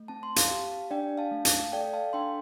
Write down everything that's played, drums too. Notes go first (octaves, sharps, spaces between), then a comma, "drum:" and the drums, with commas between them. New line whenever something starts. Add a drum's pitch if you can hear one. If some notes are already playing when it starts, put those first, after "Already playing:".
Already playing: A3
C4 A5
C6
F5 A5, drum: hi-hat
G4
D4 D5 G5
F5 A5
A3
F5 A5, drum: hi-hat
A4 D5 G5
F5 A5
D4 G5 C6